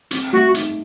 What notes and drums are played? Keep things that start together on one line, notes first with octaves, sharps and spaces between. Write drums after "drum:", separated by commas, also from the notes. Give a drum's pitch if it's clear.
C4, drum: hi-hat
A3 F#4
D#4, drum: hi-hat